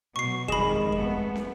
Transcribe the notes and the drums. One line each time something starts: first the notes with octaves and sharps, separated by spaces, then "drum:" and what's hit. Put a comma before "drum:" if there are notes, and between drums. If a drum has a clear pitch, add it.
B2 F#3 C#6 C7
F2 D#3 G3 G#3 D#5 B5 E7, drum: kick
A3 B3, drum: kick
drum: snare